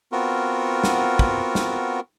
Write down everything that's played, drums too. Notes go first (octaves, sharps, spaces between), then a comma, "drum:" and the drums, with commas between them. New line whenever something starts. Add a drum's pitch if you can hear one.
B3 C4 F4 F#4 A#4
drum: snare
drum: kick
drum: snare